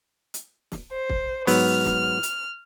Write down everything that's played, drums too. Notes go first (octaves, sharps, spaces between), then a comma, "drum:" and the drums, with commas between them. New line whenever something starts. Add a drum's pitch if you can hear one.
drum: hi-hat
drum: snare
C5
drum: kick
G#2 F#3 B3 F6, drum: open hi-hat
drum: snare
drum: hi-hat